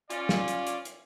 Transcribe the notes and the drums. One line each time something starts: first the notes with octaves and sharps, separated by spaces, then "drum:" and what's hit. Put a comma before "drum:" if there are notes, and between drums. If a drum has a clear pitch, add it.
C#4 F4 D5, drum: hi-hat
drum: snare
drum: hi-hat
drum: hi-hat
drum: hi-hat